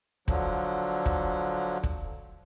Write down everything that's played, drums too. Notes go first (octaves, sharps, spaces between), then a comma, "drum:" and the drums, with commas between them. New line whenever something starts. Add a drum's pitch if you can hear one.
D3 F3 F#3, drum: kick
drum: kick
drum: kick